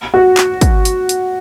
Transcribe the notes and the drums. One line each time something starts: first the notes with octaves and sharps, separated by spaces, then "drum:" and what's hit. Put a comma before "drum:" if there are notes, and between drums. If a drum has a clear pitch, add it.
F#4
drum: clap
drum: kick, hi-hat
drum: hi-hat
drum: hi-hat